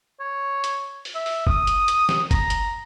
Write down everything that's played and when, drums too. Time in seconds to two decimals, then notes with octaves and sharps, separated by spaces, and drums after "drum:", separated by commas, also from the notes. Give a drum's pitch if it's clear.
0.20 C#5
0.64 drum: hi-hat
1.05 drum: open hi-hat
1.15 E5
1.26 drum: open hi-hat
1.47 D#6, drum: kick F#1
1.67 drum: hi-hat
1.88 drum: hi-hat
2.09 drum: snare
2.31 A#5, drum: kick F#1, hi-hat
2.50 drum: hi-hat